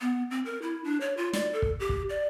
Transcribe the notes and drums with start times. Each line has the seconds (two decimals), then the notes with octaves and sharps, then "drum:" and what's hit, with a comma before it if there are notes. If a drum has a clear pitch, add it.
0.01 B3
0.31 C4
0.45 A#4
0.62 E4
0.85 D4
1.01 C#5
1.17 F4
1.33 D5, drum: snare
1.53 A4
1.62 drum: kick
1.80 G4
1.89 drum: kick
2.09 D5